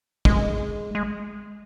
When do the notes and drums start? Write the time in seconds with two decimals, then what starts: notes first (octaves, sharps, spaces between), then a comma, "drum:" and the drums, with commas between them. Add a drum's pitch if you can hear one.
0.25 G#3, drum: kick
0.95 G#3